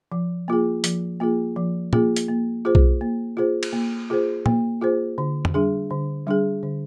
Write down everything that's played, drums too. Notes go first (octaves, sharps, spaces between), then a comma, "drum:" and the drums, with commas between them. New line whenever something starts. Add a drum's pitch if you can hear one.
F3
A#3 F4 G#4
F3, drum: hi-hat
A#3 F4 G#4
F3
A#3 F4 G#4, drum: tom
drum: hi-hat
A#3
F4 G#4 C5
drum: kick B1
A#3
F4 G#4 C5
drum: cymbal
A#3
F4 G#4 C5
A#3, drum: tom
F4 G#4 C5
D3
drum: tom F2
G3 D4 G#4
D3
G3 D4 G#4
D3